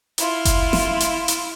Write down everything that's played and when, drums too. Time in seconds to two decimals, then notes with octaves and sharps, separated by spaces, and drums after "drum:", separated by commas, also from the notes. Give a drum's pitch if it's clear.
0.18 E4 F4, drum: hi-hat
0.45 drum: kick F#1, hi-hat
0.73 drum: snare
1.00 drum: hi-hat
1.28 drum: hi-hat